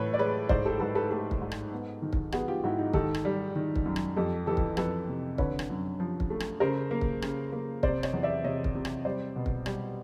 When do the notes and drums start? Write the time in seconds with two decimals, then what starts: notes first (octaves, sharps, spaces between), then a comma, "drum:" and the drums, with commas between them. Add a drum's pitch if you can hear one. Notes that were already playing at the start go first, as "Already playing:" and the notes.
Already playing: A2 E3 B4 C#5
0.14 D5
0.19 G#3 B4 C#5
0.49 G#2 C5 D5, drum: kick
0.65 G4 A4
0.80 G#2 A4 B4
0.95 A4 B4
1.11 A3 G4 A4
1.31 drum: kick
1.41 G#2
1.52 drum: rim click
1.72 B3
2.02 D#3
2.13 drum: kick
2.32 B3 F#4 G#4, drum: rim click
2.48 F4 G4
2.63 G#2 E4 F#4
2.79 D#4
2.93 D#3 G4 A4, drum: kick
3.14 drum: rim click
3.25 G3
3.55 D#3
3.76 drum: kick
3.86 F#2
3.96 drum: rim click
4.16 F2 G4 A4
4.46 E3 G4 A4
4.57 drum: kick
4.77 F2 A4 B4, drum: rim click
5.08 C3
5.38 D3 B4 C#5, drum: kick
5.59 drum: rim click
5.70 F#2
6.00 F3
6.20 drum: kick
6.30 A3
6.40 drum: rim click
6.60 C#3 A#4 C5
6.91 A#3
7.01 drum: kick
7.22 C#3, drum: rim click
7.52 A#3
7.83 C3 C5 D5, drum: kick
8.03 C#5 D#5, drum: rim click
8.13 E2
8.23 D5 E5
8.44 C3 C#5 D#5
8.64 drum: kick
8.75 C3
8.85 drum: rim click
9.05 G3 C5 D5
9.36 B2
9.46 drum: kick
9.66 G3, drum: rim click